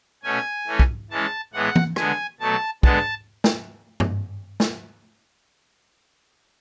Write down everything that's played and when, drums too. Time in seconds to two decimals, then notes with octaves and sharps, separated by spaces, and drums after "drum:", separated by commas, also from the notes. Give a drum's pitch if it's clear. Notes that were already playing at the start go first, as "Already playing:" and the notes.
0.23 B2 A3 C#4 G#5
0.67 E3 A3 C#4
0.79 drum: kick
1.10 E3 G#3 C#4 A5
1.53 A2 E3 G#3 B3 F#5
1.76 drum: tom E3
1.96 D3 G#3 B3 G#5, drum: rim click
2.40 B2 F#3 A3 A5
2.83 D3 G#3 B3 A5, drum: kick
3.44 drum: snare
4.00 drum: tom G2
4.60 drum: snare